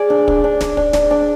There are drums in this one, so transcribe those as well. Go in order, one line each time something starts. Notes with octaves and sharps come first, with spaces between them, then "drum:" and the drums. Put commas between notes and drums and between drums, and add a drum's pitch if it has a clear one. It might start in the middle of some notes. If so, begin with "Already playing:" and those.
Already playing: G#4 D5
D4
D4, drum: kick
D4
D4, drum: snare
D4, drum: kick
D4, drum: snare
D4